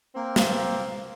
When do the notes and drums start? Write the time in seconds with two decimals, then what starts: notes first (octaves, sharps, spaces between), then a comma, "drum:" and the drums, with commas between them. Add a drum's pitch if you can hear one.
0.15 A#3 C4
0.36 drum: snare